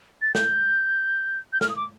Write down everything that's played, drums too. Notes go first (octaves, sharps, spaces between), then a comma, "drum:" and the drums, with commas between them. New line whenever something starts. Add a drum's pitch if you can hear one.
A6
G6, drum: snare
G6
F6, drum: snare
D#6
D6